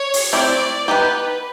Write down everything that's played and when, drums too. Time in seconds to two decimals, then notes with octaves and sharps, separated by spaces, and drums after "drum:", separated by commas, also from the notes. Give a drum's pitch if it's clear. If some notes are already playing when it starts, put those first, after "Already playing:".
Already playing: C#5
0.14 drum: open hi-hat
0.33 A3 C4 E4 G4 D5
0.88 B3 D#4 G4 B4